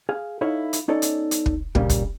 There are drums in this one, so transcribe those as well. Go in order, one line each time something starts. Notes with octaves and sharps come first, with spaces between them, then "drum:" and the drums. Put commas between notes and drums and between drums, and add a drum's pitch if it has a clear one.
G#4 F5
D#4 E4 A4 C#5 F5
drum: hi-hat
B3 C#4 D#4 A4 C#5 D5
drum: hi-hat
drum: hi-hat
drum: kick
A#2 C#3 F3 G3 A#3 G4, drum: kick
drum: kick, hi-hat